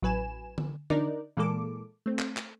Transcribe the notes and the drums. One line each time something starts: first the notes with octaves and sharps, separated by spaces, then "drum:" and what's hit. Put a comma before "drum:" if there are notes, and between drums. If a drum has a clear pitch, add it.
A1 F#3 B4 G#5 E7
drum: tom D3
D4 D#4 A#4 D5, drum: tom D3
A#2 E3 G#3 A#3 A4 D6
A3 C4
drum: clap
drum: clap